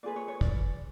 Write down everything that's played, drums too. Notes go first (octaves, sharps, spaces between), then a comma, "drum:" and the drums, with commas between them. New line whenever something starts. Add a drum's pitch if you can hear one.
F4 G#4 B4 D5
C#5
C#5
D5, drum: kick